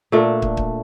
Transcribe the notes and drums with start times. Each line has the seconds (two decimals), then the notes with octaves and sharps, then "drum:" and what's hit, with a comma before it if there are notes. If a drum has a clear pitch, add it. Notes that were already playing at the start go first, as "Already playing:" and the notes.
0.12 A#2 A3 D4
0.42 drum: kick
0.57 drum: kick